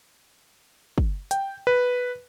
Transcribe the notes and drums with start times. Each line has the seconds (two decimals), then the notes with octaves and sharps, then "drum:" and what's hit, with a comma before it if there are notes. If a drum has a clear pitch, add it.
0.98 drum: kick
1.31 G5, drum: hi-hat
1.67 B4